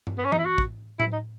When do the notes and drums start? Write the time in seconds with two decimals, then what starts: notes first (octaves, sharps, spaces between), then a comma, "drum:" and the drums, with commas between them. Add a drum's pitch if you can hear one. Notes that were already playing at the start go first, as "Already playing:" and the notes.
0.07 drum: tom G2
0.18 B3
0.25 C#4
0.32 D#4, drum: tom E3
0.38 E4
0.45 F#4
0.58 drum: kick
1.00 E4, drum: tom A2
1.13 D#4